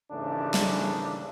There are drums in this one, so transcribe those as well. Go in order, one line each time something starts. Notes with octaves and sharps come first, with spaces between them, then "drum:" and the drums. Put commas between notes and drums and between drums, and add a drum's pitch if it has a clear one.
D#2 G#2 C#3 E3 A3 D4
drum: snare